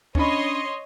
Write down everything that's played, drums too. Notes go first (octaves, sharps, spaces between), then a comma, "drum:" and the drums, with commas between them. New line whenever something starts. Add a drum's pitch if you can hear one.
C#4 D4 C#5 D#5 B5 C6, drum: kick